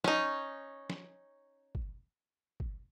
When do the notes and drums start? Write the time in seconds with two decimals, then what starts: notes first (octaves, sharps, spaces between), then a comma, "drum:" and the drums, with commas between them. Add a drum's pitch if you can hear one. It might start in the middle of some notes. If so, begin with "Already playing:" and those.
0.04 C#4 D#4, drum: snare
0.90 drum: snare
1.75 drum: kick
2.60 drum: kick